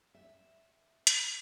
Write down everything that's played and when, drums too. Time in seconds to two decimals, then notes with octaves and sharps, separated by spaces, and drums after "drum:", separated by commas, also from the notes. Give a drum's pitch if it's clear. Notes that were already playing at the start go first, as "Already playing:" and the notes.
0.14 E5
1.07 drum: hi-hat